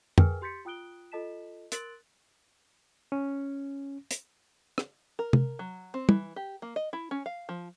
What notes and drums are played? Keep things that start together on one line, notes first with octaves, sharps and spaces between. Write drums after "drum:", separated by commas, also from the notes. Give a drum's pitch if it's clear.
G#4 A#4 B4 G5 G#5 F6, drum: tom
G4 C6 G6 A6 B6 C#7
F4 G5 D#6 F#6 D7 G7
F4 A4 D#5 A5 B6 E7
A#4 C6 F#6 A6 D7 F#7, drum: hi-hat
C#4
drum: hi-hat
drum: rim click
A#4
drum: tom
F#3
C4
E3, drum: tom
G4
A#3
D#5
E4
C#4
F5
F3